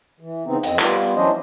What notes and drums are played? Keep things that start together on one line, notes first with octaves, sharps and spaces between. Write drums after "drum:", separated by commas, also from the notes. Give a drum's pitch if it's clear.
E3
C#3 E3 B3 C4 D#4
F2 C4 D#5, drum: hi-hat
G3 B3 F4, drum: clap
E3 F#3 C#4 D4 C5 D#5